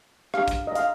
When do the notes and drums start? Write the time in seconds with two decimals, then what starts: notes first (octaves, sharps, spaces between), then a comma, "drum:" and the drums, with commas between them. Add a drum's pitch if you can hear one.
0.34 D4 G4 C5 F5, drum: rim click
0.48 drum: kick, hi-hat
0.67 D#5
0.75 F5, drum: hi-hat